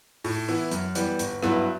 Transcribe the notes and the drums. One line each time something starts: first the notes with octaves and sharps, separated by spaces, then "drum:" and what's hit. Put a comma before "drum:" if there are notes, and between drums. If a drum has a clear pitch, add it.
A2, drum: open hi-hat
E3 B3 E4, drum: open hi-hat
F#2, drum: hi-hat
E3 G3 B3, drum: hi-hat
G1, drum: hi-hat
G2 F#3 B3 E4, drum: rim click